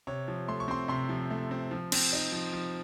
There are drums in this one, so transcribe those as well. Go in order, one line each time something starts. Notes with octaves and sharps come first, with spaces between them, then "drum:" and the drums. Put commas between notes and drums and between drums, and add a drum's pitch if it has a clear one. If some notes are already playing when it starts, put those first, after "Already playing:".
C3 C#5
F3
A3 C6
C#6
C4 C6
C3 C6
F3
A3
C4
F3
C4, drum: cymbal
D#4
F3
F3